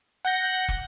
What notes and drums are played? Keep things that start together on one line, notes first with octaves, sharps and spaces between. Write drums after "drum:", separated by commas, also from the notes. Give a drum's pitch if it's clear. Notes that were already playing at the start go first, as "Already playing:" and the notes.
F#5 G6 A#6
drum: kick